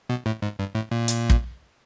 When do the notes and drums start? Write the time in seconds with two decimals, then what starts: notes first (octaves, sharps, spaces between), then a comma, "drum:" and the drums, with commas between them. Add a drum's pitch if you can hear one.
0.09 B2
0.26 A2
0.42 G#2
0.59 G2
0.75 A2
0.91 A#2
1.08 drum: hi-hat
1.30 drum: kick